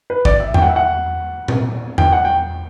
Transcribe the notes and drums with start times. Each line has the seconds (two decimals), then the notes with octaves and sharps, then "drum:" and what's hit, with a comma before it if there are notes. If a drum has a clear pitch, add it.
0.10 B4
0.25 D5, drum: kick
0.40 E5
0.54 G5, drum: tom E2
0.62 F#5
0.69 E5
0.76 F#5
1.48 drum: tom A#2
1.98 G5, drum: tom E2
2.13 F#5
2.25 G5